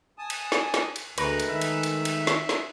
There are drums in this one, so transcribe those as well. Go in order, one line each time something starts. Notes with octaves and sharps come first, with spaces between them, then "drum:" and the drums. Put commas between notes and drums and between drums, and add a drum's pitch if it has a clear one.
G#5 A5 D#6
drum: cymbal
drum: snare
drum: snare
drum: cymbal
D2 G#3 A3 A#4 B4, drum: cymbal
drum: cymbal
D#3 E5
drum: cymbal
drum: cymbal
drum: cymbal
drum: snare
drum: snare